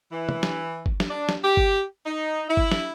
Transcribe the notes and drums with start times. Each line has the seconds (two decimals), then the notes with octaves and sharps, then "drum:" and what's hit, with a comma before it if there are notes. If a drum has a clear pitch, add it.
0.11 E3
0.29 drum: tom
0.43 drum: snare
0.86 drum: kick G1
1.00 drum: snare
1.10 D4
1.29 drum: snare
1.43 G4
1.57 drum: kick G1
2.06 D#4
2.48 E4
2.57 drum: kick G1
2.72 drum: snare